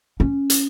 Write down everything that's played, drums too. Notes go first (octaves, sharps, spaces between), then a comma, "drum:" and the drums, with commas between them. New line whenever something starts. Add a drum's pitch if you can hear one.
C#4
drum: hi-hat